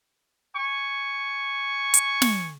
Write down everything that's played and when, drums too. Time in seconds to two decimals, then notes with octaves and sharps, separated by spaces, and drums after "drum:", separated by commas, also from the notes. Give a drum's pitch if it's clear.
0.55 G#5 C#6
1.94 drum: hi-hat
2.22 drum: snare